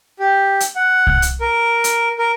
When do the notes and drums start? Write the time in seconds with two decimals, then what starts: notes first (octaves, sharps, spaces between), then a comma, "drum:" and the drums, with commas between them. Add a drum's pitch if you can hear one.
0.19 G4
0.60 drum: hi-hat
0.76 F#5
1.07 drum: kick C2
1.22 drum: hi-hat
1.41 A#4
1.84 drum: hi-hat
2.19 A#4